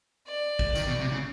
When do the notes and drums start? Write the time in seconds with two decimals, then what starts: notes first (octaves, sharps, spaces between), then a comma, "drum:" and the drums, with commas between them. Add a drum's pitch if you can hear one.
0.27 D5
0.59 drum: kick
0.75 D#3, drum: tambourine
0.87 B2
1.00 C3
1.12 C#3